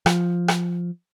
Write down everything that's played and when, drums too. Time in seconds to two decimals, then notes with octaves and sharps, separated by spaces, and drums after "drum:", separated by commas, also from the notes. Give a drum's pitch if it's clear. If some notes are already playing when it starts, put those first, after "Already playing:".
0.06 F3, drum: rim click
0.48 drum: rim click